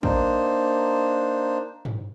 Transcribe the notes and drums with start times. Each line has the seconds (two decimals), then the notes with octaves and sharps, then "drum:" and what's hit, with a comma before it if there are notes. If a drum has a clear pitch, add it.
0.03 A#3 D4 D#4 C5, drum: kick
1.85 drum: tom